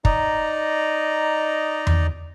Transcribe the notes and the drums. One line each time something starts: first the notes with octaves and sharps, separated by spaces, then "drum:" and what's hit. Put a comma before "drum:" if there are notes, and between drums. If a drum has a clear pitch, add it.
D#4 D5 D#5 A#5, drum: kick
drum: tom E2